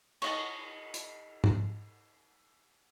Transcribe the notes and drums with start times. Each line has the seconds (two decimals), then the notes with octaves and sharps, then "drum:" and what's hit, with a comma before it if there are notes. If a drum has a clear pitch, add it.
0.22 C#5 D#5 A5, drum: cymbal
0.94 drum: hi-hat
1.44 drum: tom